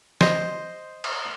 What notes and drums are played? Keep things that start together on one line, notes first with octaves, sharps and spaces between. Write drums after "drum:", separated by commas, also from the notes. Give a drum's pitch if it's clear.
C5 D#5, drum: snare
drum: cymbal